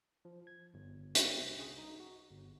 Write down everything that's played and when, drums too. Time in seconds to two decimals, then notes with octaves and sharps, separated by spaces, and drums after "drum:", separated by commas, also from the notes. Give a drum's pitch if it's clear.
0.25 F3
0.47 G#6
0.74 G1
1.15 F#4, drum: hi-hat
1.41 C2
1.59 G#4
1.78 D#4
2.00 F#4
2.31 G1